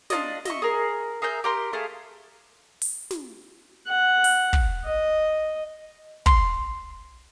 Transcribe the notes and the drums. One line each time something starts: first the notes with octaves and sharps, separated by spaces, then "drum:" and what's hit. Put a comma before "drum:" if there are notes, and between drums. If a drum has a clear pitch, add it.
D4 F4 D5 D#5, drum: snare
D#5 E5 C#6, drum: snare
G#4 A#4
G#4 A#4 E5 G6
G4 A#4 C6
A3 G#4 F5
drum: open hi-hat
drum: snare
F#5
drum: open hi-hat
drum: kick
D#5
C6, drum: kick